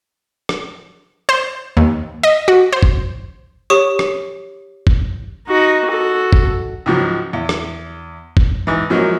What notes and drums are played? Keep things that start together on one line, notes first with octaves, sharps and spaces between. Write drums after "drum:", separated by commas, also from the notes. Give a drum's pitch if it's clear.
drum: rim click
C5
D#2
D#5
F#4
C5
drum: kick
G4 C#5 C#6 D#6
drum: rim click
drum: kick
D#4 F#4
F#4 A4
drum: kick
C#2 G#2 F3 F#3
E2
drum: rim click
drum: kick
G#2 E3
F#2 F3 F#3 G#3 A#3